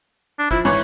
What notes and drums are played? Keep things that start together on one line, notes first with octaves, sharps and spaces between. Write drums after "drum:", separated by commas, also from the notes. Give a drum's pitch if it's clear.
D4
F3 E4, drum: kick F#1
G#2 E3 C#5